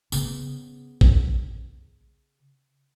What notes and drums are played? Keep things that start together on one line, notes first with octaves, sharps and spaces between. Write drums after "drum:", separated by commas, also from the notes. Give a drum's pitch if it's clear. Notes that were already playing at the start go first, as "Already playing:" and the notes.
C#3 B3, drum: tambourine
drum: kick